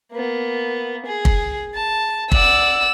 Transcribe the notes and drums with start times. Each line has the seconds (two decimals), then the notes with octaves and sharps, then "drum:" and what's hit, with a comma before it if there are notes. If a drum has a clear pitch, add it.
0.12 A#3 B3
1.06 G#4
1.25 drum: kick
1.74 A5
2.32 D5 F#5 E6, drum: kick